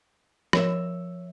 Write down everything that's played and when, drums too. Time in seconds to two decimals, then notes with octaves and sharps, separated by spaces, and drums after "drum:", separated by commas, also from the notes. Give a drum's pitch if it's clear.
0.53 F3 A#4 C#5 E5, drum: rim click